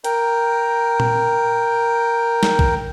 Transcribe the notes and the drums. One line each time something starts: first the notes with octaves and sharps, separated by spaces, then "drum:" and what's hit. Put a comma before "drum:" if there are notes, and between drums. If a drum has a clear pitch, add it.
A#4 G5, drum: hi-hat
drum: tom A#2
drum: snare
drum: kick